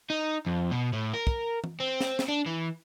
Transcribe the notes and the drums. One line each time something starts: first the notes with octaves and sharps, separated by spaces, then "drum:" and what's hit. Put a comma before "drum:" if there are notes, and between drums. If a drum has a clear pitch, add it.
D#4
F2
B2
A2
A#4
drum: kick
drum: tom E3
C4
drum: snare
drum: snare
D4
E3